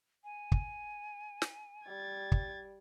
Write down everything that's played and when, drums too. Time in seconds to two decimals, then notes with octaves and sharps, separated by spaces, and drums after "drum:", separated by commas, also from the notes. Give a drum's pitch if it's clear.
0.24 G#5
0.52 drum: kick
1.42 drum: snare
1.87 G3 G#6 A6
2.32 drum: kick